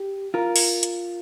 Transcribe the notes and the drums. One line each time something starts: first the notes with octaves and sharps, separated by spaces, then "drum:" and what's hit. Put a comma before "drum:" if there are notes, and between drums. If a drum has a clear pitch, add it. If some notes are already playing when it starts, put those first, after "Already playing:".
Already playing: G4
F4 A#4
drum: open hi-hat
drum: hi-hat